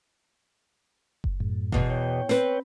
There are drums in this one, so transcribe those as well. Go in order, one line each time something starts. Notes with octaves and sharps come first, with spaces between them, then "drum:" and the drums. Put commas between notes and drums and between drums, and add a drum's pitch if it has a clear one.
drum: kick F#1
F#2 A2
E2 B2, drum: kick F#1
C#5 G5
C4 B4, drum: snare